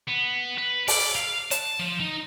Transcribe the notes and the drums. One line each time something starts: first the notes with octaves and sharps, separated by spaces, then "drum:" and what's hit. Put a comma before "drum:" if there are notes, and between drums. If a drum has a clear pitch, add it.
B3
B4
D5, drum: open hi-hat
F5
A5, drum: hi-hat
F3
D#4